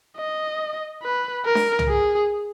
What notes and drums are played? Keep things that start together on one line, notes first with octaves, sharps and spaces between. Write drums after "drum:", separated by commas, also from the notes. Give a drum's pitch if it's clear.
D#5
B4
A#4
drum: snare D4
drum: tom
G#4